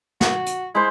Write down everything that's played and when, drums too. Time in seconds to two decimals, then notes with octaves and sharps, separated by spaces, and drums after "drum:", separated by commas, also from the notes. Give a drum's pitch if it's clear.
0.21 F#4, drum: snare
0.46 drum: hi-hat
0.75 G#3 E4 C5